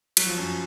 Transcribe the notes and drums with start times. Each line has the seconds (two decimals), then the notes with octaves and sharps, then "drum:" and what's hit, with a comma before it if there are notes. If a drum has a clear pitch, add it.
0.17 F#3, drum: cymbal
0.27 F3
0.37 F#2 F#3